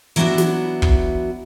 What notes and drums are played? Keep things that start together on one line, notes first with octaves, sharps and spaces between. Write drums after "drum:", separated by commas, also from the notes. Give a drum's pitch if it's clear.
E3 F#3 B3 D4 E4 F#4
drum: snare
drum: kick